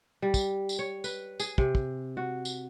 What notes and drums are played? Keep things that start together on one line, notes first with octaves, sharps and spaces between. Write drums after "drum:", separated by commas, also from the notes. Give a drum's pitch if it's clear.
G3
drum: kick, tambourine
drum: tambourine
C#5
B4, drum: tambourine
G#4, drum: tambourine
C3, drum: kick
drum: kick
F#4
drum: tambourine